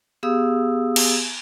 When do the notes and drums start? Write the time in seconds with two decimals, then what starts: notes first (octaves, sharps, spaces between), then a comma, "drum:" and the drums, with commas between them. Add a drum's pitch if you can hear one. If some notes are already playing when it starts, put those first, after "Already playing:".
0.23 B3 G4 G#4 F5 D#6 E6
0.96 drum: cymbal